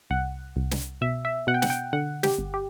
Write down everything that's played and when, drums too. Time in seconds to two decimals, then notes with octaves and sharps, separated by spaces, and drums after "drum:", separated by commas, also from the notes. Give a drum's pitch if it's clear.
0.10 C2 F#5
0.56 C2
0.71 drum: snare
1.01 B2 E5
1.25 E5
1.47 B2 F#5
1.54 G5
1.62 F#5, drum: snare
1.70 G5
1.93 D3 F#5
2.23 G4, drum: snare
2.38 G1
2.54 G4